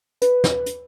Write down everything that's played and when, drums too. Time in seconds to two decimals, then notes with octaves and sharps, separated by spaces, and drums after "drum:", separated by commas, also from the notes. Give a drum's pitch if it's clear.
0.22 B4, drum: hi-hat
0.44 drum: snare
0.66 drum: hi-hat